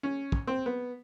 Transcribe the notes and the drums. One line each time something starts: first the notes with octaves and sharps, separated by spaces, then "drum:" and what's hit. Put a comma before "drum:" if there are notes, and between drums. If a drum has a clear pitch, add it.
C#4
drum: kick
C4
B3